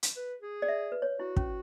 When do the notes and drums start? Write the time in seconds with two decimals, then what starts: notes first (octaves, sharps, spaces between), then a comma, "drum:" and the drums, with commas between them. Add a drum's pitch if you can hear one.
0.03 drum: hi-hat
0.16 B4
0.42 G#4
0.62 D5
0.68 E5
0.92 B4
1.02 C#5
1.20 E4 F#4
1.36 C#4, drum: kick